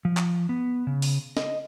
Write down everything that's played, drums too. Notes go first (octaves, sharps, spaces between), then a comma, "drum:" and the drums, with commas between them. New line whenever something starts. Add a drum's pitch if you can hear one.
F3
drum: clap
B3
C#3
drum: open hi-hat
D#5, drum: snare